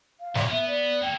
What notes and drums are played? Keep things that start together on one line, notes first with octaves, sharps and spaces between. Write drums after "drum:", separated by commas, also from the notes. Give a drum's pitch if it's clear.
F5
F3 F#3, drum: snare
B3 E5
D5
A#3 A4 G5